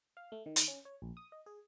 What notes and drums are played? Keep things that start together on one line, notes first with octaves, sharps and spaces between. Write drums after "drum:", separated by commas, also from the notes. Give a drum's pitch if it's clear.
F5
A3
D#3
drum: hi-hat
C#4
C#5
A#1
D#6
D#5
G#4